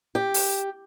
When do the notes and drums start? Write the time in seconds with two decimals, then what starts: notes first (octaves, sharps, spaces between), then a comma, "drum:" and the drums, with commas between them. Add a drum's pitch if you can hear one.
0.15 G4
0.34 drum: open hi-hat